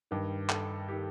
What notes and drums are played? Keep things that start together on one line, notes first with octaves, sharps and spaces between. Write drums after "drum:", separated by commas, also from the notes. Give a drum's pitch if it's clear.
G2 D#3
A4, drum: clap
D#3 G4